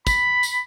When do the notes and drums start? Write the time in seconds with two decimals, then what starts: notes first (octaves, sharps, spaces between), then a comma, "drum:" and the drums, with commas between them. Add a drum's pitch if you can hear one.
0.07 B5, drum: kick, tambourine
0.43 drum: tambourine